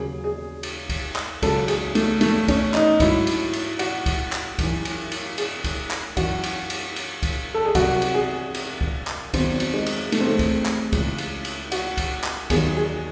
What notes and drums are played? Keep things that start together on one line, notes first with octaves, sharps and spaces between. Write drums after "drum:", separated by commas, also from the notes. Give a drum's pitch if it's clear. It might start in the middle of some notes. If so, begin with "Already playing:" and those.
Already playing: D#2 C#3 F#3 G#4
G#4
drum: cymbal
drum: kick, cymbal
drum: clap
C#2 C#3 F#3 A4, drum: kick, cymbal
G#4, drum: cymbal
A3, drum: cymbal
A3, drum: cymbal
C#4, drum: kick, cymbal
D#4, drum: clap
G#2 F#3 E4, drum: kick, cymbal
drum: cymbal
drum: cymbal
F#4, drum: cymbal
drum: kick, cymbal
drum: clap
F#2 E3, drum: kick, cymbal
drum: cymbal
drum: cymbal
G#4, drum: cymbal
drum: kick, cymbal
drum: clap
F#2 E3 F#4, drum: kick, cymbal
drum: cymbal
drum: cymbal
drum: cymbal
drum: kick, cymbal
A4
G#4
C2 C3 F#3 F#4, drum: kick, cymbal
drum: cymbal
G#4
drum: cymbal
drum: kick
drum: clap
E2 D#3 F#3 C4, drum: kick, cymbal
drum: cymbal
G#3
drum: cymbal
A3, drum: cymbal
C4
A3
drum: kick, cymbal
drum: clap
C#2 C#3 E3, drum: kick, cymbal
drum: cymbal
drum: cymbal
F#4, drum: cymbal
drum: kick, cymbal
drum: clap
D#2 D#3 F#3 G#4, drum: kick, cymbal
G#4